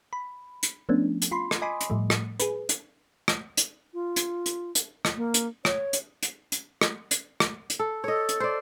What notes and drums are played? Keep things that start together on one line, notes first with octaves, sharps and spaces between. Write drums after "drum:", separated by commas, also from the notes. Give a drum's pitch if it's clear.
B5
drum: hi-hat
F3 A3 B3 C#4 D4
drum: hi-hat
F4 B5 C6
drum: rim click
D#5 G#5 B5 C6 D6 D#6
drum: hi-hat
A2 F3 G3 A3
drum: rim click
G#4 B4, drum: hi-hat
drum: hi-hat
drum: rim click
drum: hi-hat
F4
drum: hi-hat
drum: hi-hat
drum: hi-hat
drum: rim click
A#3
drum: hi-hat
C#5, drum: rim click
drum: hi-hat
drum: hi-hat
drum: hi-hat
drum: rim click
drum: hi-hat
drum: rim click
drum: hi-hat
A4
A4 C#5 D#5
drum: hi-hat
C5 D5